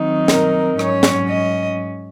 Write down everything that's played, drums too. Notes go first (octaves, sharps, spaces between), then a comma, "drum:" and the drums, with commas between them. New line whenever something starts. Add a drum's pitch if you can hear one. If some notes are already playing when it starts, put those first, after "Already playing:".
Already playing: D#3 F#3 C4 D#4
A#4, drum: snare
G#2 F#3 C#4 C#5, drum: rim click
drum: snare
D#5